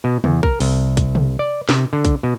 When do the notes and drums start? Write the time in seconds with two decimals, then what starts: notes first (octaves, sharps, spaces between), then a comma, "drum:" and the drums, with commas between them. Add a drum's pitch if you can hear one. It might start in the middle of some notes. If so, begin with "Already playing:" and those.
0.04 B2
0.24 E2, drum: tom C3
0.43 A#4, drum: kick
0.60 C2, drum: open hi-hat
0.97 drum: kick, hi-hat
1.15 drum: tom C3
1.39 D5
1.69 C3, drum: snare
1.93 D3
2.05 drum: kick, hi-hat
2.23 B2